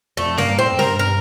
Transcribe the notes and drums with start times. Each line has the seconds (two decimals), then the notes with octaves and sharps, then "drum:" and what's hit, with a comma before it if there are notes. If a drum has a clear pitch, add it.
0.17 F2 A3
0.37 G2 A#3, drum: snare
0.58 A2 C4
0.72 F2
0.79 G2 A#4, drum: snare
0.99 A#4